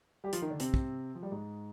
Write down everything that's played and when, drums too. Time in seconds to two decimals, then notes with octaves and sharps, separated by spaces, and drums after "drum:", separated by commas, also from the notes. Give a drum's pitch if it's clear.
0.24 G3 G4
0.33 F3 F4, drum: hi-hat
0.42 D#3 D#4
0.50 D3 D4
0.60 C3 C4, drum: hi-hat
0.74 drum: kick
1.15 F3
1.23 G3
1.31 G#2 G#3